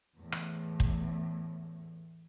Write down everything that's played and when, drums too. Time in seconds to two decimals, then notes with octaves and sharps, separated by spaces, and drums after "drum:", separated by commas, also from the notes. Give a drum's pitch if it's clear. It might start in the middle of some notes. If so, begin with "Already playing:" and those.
0.16 E2 A2
0.32 drum: rim click
0.80 drum: kick